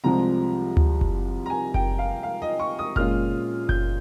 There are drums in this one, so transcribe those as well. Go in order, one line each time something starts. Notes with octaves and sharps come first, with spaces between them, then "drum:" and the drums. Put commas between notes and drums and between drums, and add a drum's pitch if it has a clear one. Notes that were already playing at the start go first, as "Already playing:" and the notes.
C2 C3 F3 G#3 C4 A#5
drum: tom D2
drum: kick F#1
A#5
G#5
G5, drum: kick F#1
F5
F5
D#5
C#6
D#6
A#2 G#3 C#4 F4 F6, drum: kick F#1
G6, drum: kick F#1